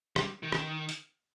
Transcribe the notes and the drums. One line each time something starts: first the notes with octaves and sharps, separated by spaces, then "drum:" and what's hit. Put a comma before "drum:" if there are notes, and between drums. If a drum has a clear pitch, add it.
G3, drum: rim click
D#3
drum: rim click
drum: hi-hat